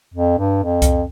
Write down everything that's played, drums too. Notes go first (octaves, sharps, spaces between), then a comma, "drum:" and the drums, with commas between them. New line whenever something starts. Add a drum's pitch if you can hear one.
F2
G2
F2
drum: kick C2, hi-hat